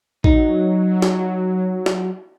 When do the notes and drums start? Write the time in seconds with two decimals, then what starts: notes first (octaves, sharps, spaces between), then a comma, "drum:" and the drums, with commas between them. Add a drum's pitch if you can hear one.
0.24 F#3 D#4, drum: kick
1.02 drum: snare
1.86 drum: snare